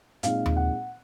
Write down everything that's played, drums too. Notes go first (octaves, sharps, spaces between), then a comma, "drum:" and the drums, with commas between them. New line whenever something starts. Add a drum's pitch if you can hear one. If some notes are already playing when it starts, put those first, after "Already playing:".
A#2 G#3 C4 D#4 F5, drum: hi-hat
drum: tom D#2
F#5